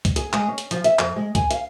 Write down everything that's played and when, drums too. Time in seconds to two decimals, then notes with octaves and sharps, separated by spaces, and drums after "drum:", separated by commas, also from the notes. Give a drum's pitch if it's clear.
0.05 drum: kick C2, hi-hat
0.16 G#4, drum: hi-hat
0.33 G#3, drum: clap
0.48 C#4
0.58 drum: hi-hat
0.71 F3, drum: hi-hat
0.84 E5, drum: hi-hat
0.99 F2, drum: clap
1.16 G#3
1.35 G#5, drum: kick C2, hi-hat
1.51 F5, drum: hi-hat